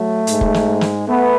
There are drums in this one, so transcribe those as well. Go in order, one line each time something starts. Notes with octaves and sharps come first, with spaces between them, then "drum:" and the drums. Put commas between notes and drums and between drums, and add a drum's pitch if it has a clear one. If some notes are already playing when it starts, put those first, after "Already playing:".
Already playing: F#3 A3
G#2 G#3, drum: hi-hat
drum: kick
drum: snare
drum: snare
A3 B3